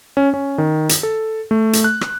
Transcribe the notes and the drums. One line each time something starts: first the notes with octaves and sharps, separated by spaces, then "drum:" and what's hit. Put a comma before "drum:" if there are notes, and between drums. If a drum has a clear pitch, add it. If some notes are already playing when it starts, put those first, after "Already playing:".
C#4
C#4
D#3
drum: hi-hat
A4
A3
drum: hi-hat
F#6
drum: rim click